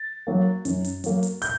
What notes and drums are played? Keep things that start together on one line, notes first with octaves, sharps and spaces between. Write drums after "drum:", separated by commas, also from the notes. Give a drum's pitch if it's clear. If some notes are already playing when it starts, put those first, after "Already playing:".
Already playing: A6
F#3 A#3
F#2, drum: hi-hat
drum: hi-hat
F#3 A#3, drum: hi-hat
drum: hi-hat
G6, drum: hi-hat